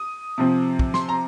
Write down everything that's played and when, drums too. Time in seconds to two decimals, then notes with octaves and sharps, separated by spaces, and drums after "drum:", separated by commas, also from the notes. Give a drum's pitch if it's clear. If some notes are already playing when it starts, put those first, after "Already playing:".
Already playing: D#6
0.38 C3 F3 C4
0.79 drum: kick
0.94 C6, drum: snare
1.09 A#5